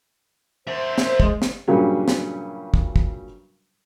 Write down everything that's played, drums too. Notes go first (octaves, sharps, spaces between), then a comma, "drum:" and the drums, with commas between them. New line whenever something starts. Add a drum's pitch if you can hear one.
A#4 C5 E5
drum: snare
G#3, drum: kick
drum: snare
G2 A#2 C#3 F#3 G3 C#4
drum: snare
drum: kick
drum: kick